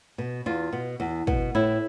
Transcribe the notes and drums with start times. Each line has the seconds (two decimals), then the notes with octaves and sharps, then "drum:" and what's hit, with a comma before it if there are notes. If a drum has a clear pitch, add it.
0.18 B2
0.46 E2 F4
0.73 B2
1.00 E2
1.27 B2, drum: kick
1.55 A2 E4